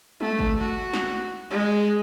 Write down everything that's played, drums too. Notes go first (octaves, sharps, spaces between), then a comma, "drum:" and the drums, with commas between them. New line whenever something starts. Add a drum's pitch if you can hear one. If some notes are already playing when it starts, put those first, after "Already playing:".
A3, drum: tom
drum: kick
F#4
drum: snare
G#3